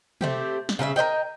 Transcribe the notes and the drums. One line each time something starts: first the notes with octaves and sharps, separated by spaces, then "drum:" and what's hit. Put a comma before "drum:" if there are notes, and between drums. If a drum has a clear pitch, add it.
A3 C4 G4, drum: tom
drum: snare
C#3 C#4 A#4 E5
A#4 C5 D#5 G5